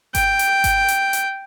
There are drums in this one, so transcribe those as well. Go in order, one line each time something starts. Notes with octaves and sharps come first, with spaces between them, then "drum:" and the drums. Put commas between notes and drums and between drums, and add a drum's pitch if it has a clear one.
G5, drum: kick G#1, hi-hat
drum: hi-hat
drum: kick G#1, hi-hat
drum: hi-hat
drum: hi-hat